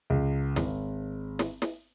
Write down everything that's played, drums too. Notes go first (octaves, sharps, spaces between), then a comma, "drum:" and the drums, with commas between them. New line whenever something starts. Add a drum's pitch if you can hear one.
C#2
G#1, drum: snare
drum: snare
drum: snare